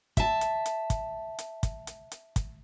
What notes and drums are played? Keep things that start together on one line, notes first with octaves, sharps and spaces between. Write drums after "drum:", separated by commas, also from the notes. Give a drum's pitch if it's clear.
E5 A5, drum: kick, hi-hat
drum: hi-hat
drum: hi-hat
drum: kick, hi-hat
drum: hi-hat
drum: kick, hi-hat
drum: hi-hat
drum: hi-hat
drum: kick, hi-hat